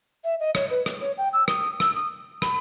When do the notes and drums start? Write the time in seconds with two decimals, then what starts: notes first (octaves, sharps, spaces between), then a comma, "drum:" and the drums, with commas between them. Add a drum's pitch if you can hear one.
0.24 E5
0.40 D#5
0.55 C#5, drum: rim click
0.70 B4
0.86 drum: rim click
1.01 C#5
1.18 G5
1.33 E6
1.48 D#6, drum: rim click
1.80 E6, drum: rim click
1.95 D#6
2.42 B5, drum: rim click